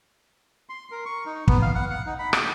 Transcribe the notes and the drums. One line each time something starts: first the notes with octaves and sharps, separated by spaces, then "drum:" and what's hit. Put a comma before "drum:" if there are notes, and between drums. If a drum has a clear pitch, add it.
C6
A#4
C#6
D#4
B3, drum: kick
F5
F#5
F#5
D#4
B5
D#6, drum: rim click